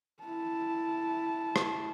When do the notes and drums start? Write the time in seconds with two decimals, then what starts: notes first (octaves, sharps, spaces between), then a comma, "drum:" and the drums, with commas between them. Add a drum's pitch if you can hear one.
0.23 E4 A5
1.56 drum: rim click